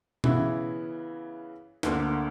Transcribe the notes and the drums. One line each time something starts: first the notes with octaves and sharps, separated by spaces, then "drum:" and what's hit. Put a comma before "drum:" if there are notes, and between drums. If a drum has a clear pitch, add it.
C#3 E3 B3 E4, drum: tom B2
D2 D3 A#3, drum: snare